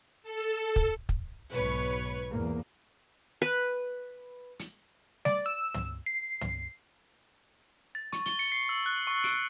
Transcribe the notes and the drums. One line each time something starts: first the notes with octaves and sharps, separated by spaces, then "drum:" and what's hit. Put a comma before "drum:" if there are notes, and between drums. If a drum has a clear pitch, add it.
A4
drum: kick
drum: kick
B1 G#2 B2 B4 C#5 C#6
E2 G#2 A#3
B4
drum: hi-hat
D5, drum: snare G3
E6
drum: tom
C7
drum: tom
A6
C#6, drum: hi-hat
G7, drum: hi-hat
C#7
C7
E6
F#6
C#6
D7, drum: open hi-hat